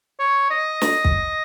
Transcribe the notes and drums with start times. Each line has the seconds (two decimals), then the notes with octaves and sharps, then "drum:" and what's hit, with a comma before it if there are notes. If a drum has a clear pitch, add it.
0.19 C#5
0.50 D#5
0.81 drum: snare
1.05 drum: kick